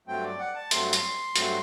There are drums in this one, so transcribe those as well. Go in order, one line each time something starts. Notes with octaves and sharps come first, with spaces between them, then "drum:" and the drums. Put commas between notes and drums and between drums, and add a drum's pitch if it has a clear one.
G2 F#3 A3 C4 G5
D5
F#5
A5
G2 F#3 A3 C4 C6, drum: hi-hat
drum: hi-hat
G2 F#3 A3 C4, drum: hi-hat